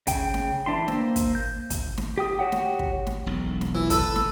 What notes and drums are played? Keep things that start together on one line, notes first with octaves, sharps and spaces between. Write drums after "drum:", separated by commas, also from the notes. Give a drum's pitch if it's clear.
C#3 G5, drum: kick, hi-hat
drum: snare
E3 D4 E4 C6
A#3 C5 E6, drum: snare
drum: kick, hi-hat
G6
drum: kick, hi-hat
drum: snare
G4 G5 D#6
F#4 G4 C#5 F#5 G5
drum: snare
drum: kick
drum: snare
E1 B1
drum: snare
E3
A4 B4, drum: kick, hi-hat
drum: snare